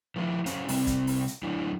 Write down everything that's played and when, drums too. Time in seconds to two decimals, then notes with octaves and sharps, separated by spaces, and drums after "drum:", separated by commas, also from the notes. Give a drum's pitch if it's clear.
0.16 D#3 F3 A#3 E4
0.46 F#2 C#4 C5 F5, drum: hi-hat
0.69 C3 G3 C4, drum: open hi-hat
0.87 drum: kick, hi-hat
1.07 drum: open hi-hat
1.28 drum: hi-hat
1.43 F#2 F#3 D4 E4